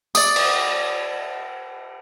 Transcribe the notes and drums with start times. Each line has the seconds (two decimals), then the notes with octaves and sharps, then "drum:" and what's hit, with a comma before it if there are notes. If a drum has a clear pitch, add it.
0.15 D5 D6 D#6, drum: tambourine
0.36 drum: cymbal